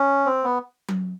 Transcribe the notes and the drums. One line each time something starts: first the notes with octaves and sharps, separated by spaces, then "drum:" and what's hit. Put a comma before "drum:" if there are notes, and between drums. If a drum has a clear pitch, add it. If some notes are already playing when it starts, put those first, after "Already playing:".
Already playing: C#4
C4
B3
drum: tom F#3